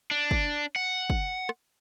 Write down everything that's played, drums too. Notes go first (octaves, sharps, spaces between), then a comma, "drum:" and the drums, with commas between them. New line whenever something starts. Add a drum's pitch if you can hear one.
D4
drum: kick
F#5
drum: kick
drum: rim click